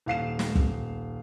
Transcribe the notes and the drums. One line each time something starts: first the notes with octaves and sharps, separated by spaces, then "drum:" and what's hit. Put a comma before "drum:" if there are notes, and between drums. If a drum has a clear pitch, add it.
D#1 F5 C7 E7
drum: snare
drum: kick